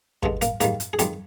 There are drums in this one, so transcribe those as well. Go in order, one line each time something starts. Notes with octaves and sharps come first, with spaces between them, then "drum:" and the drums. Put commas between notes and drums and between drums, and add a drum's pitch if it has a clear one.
G2 D3 G#3, drum: kick
A#3 A#4, drum: hi-hat
G#2 D#3 G3 A#3 A#4, drum: hi-hat
drum: hi-hat
G#4
F2 D#3 G3 G#3 G4, drum: hi-hat